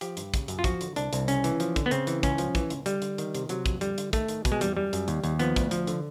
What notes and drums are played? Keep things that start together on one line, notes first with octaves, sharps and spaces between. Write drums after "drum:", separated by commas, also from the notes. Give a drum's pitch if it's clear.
F3 G4, drum: hi-hat
G2, drum: hi-hat
C#3, drum: kick, hi-hat
F#2, drum: hi-hat
F4
F3 F#4, drum: kick, hi-hat
D3, drum: hi-hat
C2 D4, drum: hi-hat
C2, drum: hi-hat
C#3 C#4, drum: hi-hat
E3, drum: hi-hat
F3, drum: hi-hat
D3, drum: kick, hi-hat
B3
C#3 C4, drum: hi-hat
E3, drum: hi-hat
C#2 C#4, drum: kick, hi-hat
F3, drum: hi-hat
E3, drum: kick, hi-hat
C#2, drum: hi-hat
D3 G3, drum: hi-hat
D3, drum: hi-hat
D#3, drum: hi-hat
C3, drum: hi-hat
C3 F#3, drum: hi-hat
F2, drum: kick, hi-hat
D3 G3, drum: hi-hat
D3, drum: hi-hat
D#3 A3, drum: kick, hi-hat
D#3, drum: hi-hat
B2, drum: kick, hi-hat
G#3
E2 G3, drum: hi-hat
F#2 G3
F#2, drum: hi-hat
D#2, drum: hi-hat
D#2, drum: hi-hat
F3 B3, drum: hi-hat
D2, drum: kick, hi-hat
F3, drum: hi-hat
D3, drum: hi-hat